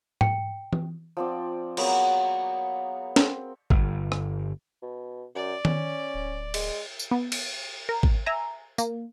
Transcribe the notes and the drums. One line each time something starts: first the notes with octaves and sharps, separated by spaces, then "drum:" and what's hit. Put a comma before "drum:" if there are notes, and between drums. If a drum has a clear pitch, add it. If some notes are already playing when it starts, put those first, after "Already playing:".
G5, drum: tom G#2
drum: tom E3
F3 C4 D5
F#3 A#3 B3 G#4, drum: cymbal
C4, drum: snare
G1, drum: kick
drum: rim click
B2
F#2 D5
C#4, drum: tom D#3
D1
G#3, drum: cymbal
drum: tambourine
B3
drum: cymbal
A#4
drum: kick
E5 G#5 A#5
A#3, drum: tambourine